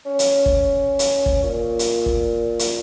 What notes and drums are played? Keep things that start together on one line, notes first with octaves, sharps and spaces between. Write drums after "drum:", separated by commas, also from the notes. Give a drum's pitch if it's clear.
C#4
drum: hi-hat
drum: kick
drum: hi-hat
drum: kick
A#2
drum: hi-hat
drum: kick
drum: hi-hat